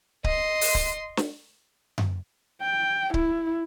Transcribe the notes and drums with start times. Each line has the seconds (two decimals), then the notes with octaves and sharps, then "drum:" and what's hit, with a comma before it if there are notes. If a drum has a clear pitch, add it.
0.24 D#5 C6, drum: kick C#1
0.61 drum: open hi-hat
0.75 drum: kick C#1
1.17 drum: snare
1.98 drum: tom F#2
2.61 G5
3.14 E4, drum: kick C#1